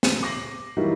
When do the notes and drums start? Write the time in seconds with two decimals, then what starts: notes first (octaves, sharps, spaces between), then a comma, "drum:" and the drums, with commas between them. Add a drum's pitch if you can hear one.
0.03 drum: snare
0.23 D6 A#6 C7 F#7
0.77 E3 F#3 G3 A#3 D#4 E4